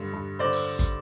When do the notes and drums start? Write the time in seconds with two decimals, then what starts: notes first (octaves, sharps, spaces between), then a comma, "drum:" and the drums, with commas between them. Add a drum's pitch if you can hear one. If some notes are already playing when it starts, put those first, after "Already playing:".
Already playing: G2 D3
0.13 G2
0.39 D3 C5 D5
0.53 drum: open hi-hat
0.79 drum: kick, hi-hat